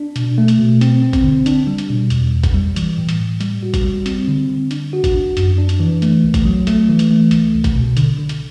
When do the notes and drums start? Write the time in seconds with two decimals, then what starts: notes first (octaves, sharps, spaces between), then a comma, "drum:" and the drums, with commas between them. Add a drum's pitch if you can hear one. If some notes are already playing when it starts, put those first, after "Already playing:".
Already playing: D4
0.16 B2, drum: hi-hat
0.38 A3
0.48 drum: hi-hat
0.58 B2
0.81 C4, drum: hi-hat
1.02 C4
1.13 drum: kick, hi-hat
1.24 D3
1.46 D4, drum: hi-hat
1.67 G3
1.78 drum: hi-hat
1.89 B2
2.10 E2, drum: hi-hat
2.33 E2
2.44 drum: kick, hi-hat
2.55 G3
2.76 E3, drum: hi-hat
2.98 A2
3.09 drum: hi-hat
3.19 A2
3.41 G3, drum: hi-hat
3.63 F#4
3.74 drum: kick, hi-hat
3.84 G3
4.06 C4, drum: hi-hat
4.28 D3
4.49 D3
4.71 D4, drum: hi-hat
4.93 F#4
5.04 drum: kick, hi-hat
5.15 D4
5.37 F#2, drum: hi-hat
5.58 D4
5.69 drum: hi-hat
5.80 E3
6.02 A3, drum: hi-hat
6.24 C2
6.34 drum: kick, hi-hat
6.46 F#3
6.67 A3, drum: hi-hat
6.89 E3
6.99 drum: hi-hat
7.11 A3
7.31 C2, drum: hi-hat
7.53 C2
7.64 drum: kick, hi-hat
7.76 B2
7.97 D3, drum: hi-hat
8.19 D3
8.29 drum: hi-hat